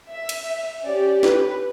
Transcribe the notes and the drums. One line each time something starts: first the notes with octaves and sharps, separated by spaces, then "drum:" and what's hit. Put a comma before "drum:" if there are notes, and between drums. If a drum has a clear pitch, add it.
E5
drum: cymbal
C#4 G4 D5
B4, drum: snare